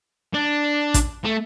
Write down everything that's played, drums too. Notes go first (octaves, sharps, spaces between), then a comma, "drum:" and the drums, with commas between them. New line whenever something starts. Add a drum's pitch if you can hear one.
D4
drum: kick A1, hi-hat
A3